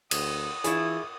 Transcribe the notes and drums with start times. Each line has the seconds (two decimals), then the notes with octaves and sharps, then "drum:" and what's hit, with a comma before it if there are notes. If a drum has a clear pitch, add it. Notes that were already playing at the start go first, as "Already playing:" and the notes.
0.11 D2 D#6, drum: cymbal
0.64 E3 E4 F4 G#4 B5 C#6, drum: hi-hat